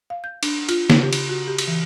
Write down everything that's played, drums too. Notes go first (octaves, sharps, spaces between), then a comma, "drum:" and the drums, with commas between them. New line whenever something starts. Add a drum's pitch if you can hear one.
F5
G6
D4, drum: cymbal
F4, drum: cymbal
C#3, drum: snare
G4
drum: cymbal
F#4
G4
drum: cymbal
E3